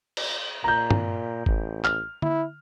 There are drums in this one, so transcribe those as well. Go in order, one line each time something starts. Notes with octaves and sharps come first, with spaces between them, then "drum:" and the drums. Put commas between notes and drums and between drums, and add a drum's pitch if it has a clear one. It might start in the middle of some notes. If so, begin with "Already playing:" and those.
drum: cymbal
A#2 A#5 G6
drum: tom G2
A1, drum: kick G1
F6, drum: clap
E4, drum: tom D3